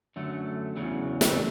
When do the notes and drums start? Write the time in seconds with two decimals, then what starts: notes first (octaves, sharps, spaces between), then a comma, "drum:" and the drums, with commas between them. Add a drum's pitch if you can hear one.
0.16 F#2 D3 F#3 A3
0.77 E2 C#3 F#3
1.21 drum: snare